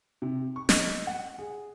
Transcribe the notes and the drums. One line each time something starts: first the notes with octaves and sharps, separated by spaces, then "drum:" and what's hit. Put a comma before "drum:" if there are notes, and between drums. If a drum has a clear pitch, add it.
C3
C#6
D#5, drum: snare
F#5
G#4